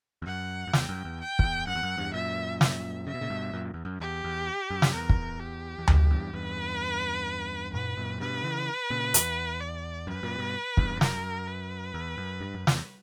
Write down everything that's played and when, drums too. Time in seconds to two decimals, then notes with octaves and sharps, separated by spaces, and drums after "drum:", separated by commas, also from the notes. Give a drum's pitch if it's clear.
0.22 E2
0.27 F#2 F#5
0.67 F#2
0.73 E2 G5, drum: snare
0.89 F#2
1.05 E2
1.21 G5
1.39 F#2, drum: kick
1.43 E2
1.67 F#2 F#5
1.75 E2
1.83 F#2
1.97 E2 G2
2.14 F#2 A#2 E5
2.61 E5, drum: snare
3.07 C#3 E5
3.14 B2
3.21 A#2 C#3
3.30 G2 B2
3.53 F#2 A#2
3.74 E2
3.85 F#2
4.00 E2 G4
4.24 E2
4.70 F#2
4.82 drum: snare
4.94 E2 A#4
5.09 drum: kick
5.41 G4
5.78 E2
5.88 F#2, drum: tom D2
6.10 E2 G2
6.34 E2 G2 B4
7.74 F#2 A#2 B4
7.97 F#2 A#2
8.20 G2 B2 B4
8.43 C#3 E3
8.90 A#2 C#3
9.14 E2, drum: hi-hat
9.61 D5
10.07 F#2 B4
10.23 F#2 A#2
10.38 G2 B2
10.77 E2 G2, drum: kick
10.97 G2
11.01 F#2 A#4, drum: snare
11.48 B4
11.94 E2
12.18 F#2
12.41 G2
12.54 F#2
12.67 E2, drum: snare